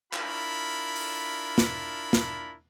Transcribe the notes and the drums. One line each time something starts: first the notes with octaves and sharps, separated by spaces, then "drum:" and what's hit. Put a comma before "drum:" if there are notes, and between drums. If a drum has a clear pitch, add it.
D4 E4 F4 A#4 B5, drum: clap
drum: open hi-hat
drum: snare
drum: snare